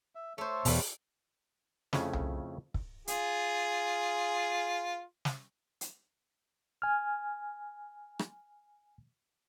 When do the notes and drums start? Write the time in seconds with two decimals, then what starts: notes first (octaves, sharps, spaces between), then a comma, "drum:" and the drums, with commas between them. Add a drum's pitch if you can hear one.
0.15 E5
0.38 A3 A4 C5 C#5 E5
0.65 E2 B2 G3 B4 F5, drum: open hi-hat
1.93 F2 C#3 A3 C#4 E4, drum: snare
2.13 drum: tom C2
2.74 drum: kick
3.07 F4 G#4, drum: hi-hat
5.25 drum: snare
5.81 drum: hi-hat
6.82 G#5 F6
8.19 drum: rim click